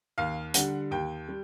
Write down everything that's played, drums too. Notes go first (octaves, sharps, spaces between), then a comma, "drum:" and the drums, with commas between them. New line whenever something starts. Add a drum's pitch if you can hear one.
D#2 F5
D3 G3 F#5, drum: hi-hat
D#2 G5
G3